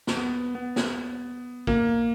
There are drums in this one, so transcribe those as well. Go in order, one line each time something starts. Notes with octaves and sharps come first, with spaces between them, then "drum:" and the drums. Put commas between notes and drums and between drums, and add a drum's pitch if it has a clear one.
drum: snare
B3
B3
drum: snare
A#3, drum: kick